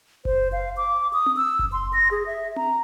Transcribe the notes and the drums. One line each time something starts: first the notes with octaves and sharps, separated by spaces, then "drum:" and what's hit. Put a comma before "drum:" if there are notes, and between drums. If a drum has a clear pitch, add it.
C5, drum: kick F#1
F5
D6
D#6
drum: tom C4
E6
drum: kick F#1
C6
A#6
G#4
E5
A#5, drum: tom C4